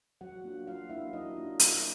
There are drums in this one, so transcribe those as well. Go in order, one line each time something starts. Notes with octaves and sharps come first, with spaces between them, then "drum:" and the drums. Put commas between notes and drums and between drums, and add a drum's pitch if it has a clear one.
F#3 F#4 F#5
A#3 D4 F4
F#3 F4 F5
A#3 D4 E4 F4 E5
F#3 D#4 D#5
A#3 D4 F4
F#3, drum: hi-hat